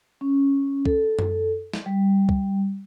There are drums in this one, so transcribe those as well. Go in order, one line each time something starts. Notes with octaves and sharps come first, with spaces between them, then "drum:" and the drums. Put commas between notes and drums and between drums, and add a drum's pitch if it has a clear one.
C#4
A4, drum: kick
drum: tom F#2
drum: snare
G3
drum: kick